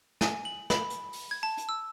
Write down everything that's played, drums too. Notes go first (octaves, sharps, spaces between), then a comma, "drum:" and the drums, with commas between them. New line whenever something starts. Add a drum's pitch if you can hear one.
G#5, drum: snare
F#7
B5, drum: snare
drum: hi-hat
drum: open hi-hat
G#6
A5
drum: hi-hat
E6